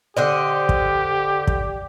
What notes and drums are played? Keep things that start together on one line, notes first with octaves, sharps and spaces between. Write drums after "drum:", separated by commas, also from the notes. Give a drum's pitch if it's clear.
D3 G4 C5 D#5
drum: kick
drum: kick